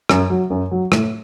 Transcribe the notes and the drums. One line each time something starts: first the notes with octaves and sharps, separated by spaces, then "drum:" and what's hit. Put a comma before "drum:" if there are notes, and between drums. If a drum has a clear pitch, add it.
F#2, drum: rim click
F#3
F#2
F#3
A2, drum: rim click